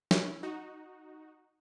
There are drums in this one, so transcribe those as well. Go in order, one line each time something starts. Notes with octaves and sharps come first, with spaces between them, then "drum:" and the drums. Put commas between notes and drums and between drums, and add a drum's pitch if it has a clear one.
C#4 E4, drum: snare
D#4 F#4